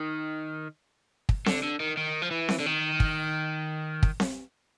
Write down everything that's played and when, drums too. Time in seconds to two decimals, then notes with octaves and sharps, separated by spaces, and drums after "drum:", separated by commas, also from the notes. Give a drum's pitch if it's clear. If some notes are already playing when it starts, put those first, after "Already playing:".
Already playing: D#3
1.29 drum: kick
1.46 D3, drum: snare C4
1.63 D3
1.80 D#3
1.97 D#3
2.22 F3
2.31 E3
2.49 drum: snare C4
2.60 D3
2.66 D#3
3.00 drum: kick
4.03 drum: kick
4.20 drum: snare C4